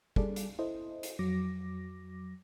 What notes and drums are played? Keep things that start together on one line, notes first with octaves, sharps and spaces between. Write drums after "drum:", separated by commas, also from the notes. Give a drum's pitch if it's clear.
G3 G#4 A4 D5, drum: kick
drum: hi-hat
E4 A4 C5 D#5
drum: hi-hat
F2 F#3 D6 A#6